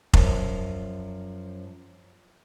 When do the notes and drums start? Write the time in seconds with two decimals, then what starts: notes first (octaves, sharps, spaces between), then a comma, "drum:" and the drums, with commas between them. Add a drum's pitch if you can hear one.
0.13 F#2 F3 A5, drum: kick F1